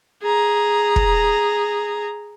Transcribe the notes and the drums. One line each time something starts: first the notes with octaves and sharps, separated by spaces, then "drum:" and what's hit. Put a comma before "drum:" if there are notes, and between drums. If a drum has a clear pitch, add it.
G#4 A#5
drum: kick